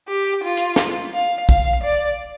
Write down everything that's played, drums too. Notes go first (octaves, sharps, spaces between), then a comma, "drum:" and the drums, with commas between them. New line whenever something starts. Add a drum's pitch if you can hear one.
G4
F4
drum: hi-hat
drum: snare
F5
F5, drum: kick
D5